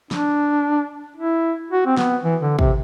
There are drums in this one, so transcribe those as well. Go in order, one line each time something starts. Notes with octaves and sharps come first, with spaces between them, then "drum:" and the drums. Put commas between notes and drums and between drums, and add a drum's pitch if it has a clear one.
D4, drum: snare
E4
F#4
C4
B3, drum: snare
E3
D3
C3, drum: kick